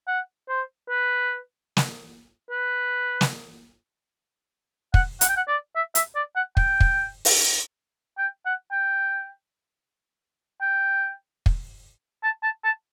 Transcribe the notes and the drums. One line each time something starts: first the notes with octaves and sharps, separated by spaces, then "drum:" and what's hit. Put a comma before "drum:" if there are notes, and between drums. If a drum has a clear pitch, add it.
F#5
C5
B4
drum: snare
B4
drum: snare
F#5, drum: kick
F#5, drum: hi-hat
G5
F#5
D5
E5
E5, drum: hi-hat
D5
F#5
G5, drum: kick
drum: kick
drum: open hi-hat
G5
F#5
G5
G5
drum: kick
A5
A5
A5